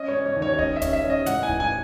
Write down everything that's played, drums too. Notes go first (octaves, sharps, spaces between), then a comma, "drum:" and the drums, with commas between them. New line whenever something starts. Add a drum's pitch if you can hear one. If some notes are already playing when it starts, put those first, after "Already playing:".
Already playing: C#4 D#5
C#5
C#4
C#5
D#2
C#5
C#5
C#4 D#5, drum: kick
E5
C#4, drum: kick, hi-hat
E5
C#4
D#5
A2 F#5, drum: hi-hat
G#5
A2, drum: kick
G#5